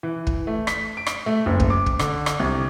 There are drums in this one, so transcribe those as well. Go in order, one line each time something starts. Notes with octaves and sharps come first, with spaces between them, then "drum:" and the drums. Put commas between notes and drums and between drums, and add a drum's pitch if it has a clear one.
E3
drum: kick
A3
B6, drum: rim click
D7
drum: rim click
A3
F#1
drum: kick
D6
drum: kick
D3, drum: rim click
drum: rim click
C2